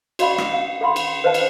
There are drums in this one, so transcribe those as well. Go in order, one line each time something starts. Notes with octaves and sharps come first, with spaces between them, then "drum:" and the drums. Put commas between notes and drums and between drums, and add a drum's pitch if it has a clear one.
F#4 D5 D#5 F5 B5 C#6, drum: cymbal
drum: rim click
F5
A4 F5 F#5 B5 C6
drum: cymbal
B4 C5 D#5 F5 A5
drum: cymbal